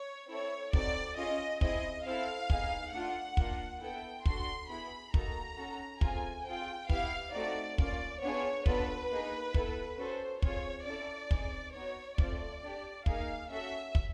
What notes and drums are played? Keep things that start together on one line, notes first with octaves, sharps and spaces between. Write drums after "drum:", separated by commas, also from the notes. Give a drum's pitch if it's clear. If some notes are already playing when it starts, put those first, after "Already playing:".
Already playing: C#5
C4 E4 A4 C#5
C4 D#4 F#4 A4 D5, drum: kick
C#4 F4 G#4 D#5
C4 E4 G#4 D#5, drum: kick
C4 E4 A4 F5
B3 D#4 G#4, drum: kick
A3 D4 F4 F#5
A#3 D4 F4, drum: kick
B3 E4 A4 G5
D4 F#4 A4 C6, drum: kick
B3 E4 G#4 B5
A#3 D#4 F#4 A4 A#5, drum: kick
C#4 F#4 A4
A3 C4 F4 G#4 G#5, drum: kick
C4 F4 G#4 G5
B3 E4 G4 F5, drum: kick
A3 C4 D#4 F#4 D5
A#3 C#4 F4 D5, drum: kick
B3 D4 F4 G#4 C#5
B3 D4 F4 A4 B4, drum: kick
A#3 D#4 G#4
B3 E4 A4, drum: kick
C#4 F#4 A4 C5
C4 F4 G#4 C#5, drum: kick
C#4 E4 A4 D5
C4 D#4 G#4, drum: kick
B3 D#4 F#4 C#5
A3 C4 F4 A4 D5, drum: kick
D4 G4
A#3 D#4 G#4 F5, drum: kick
C#4 F#4 A4 E5
drum: kick